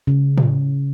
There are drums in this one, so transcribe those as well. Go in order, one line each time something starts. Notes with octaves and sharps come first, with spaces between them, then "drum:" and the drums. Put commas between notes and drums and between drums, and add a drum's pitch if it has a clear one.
C#3
drum: tom A2